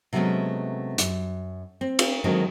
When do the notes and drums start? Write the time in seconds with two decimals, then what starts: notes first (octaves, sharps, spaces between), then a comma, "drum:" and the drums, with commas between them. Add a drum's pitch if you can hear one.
0.13 C3 F#3 G#3 A3 B3 C#4
0.98 F#2, drum: hi-hat
1.81 C4
1.99 drum: cymbal
2.24 D3 D#3 F#3 G#3 C4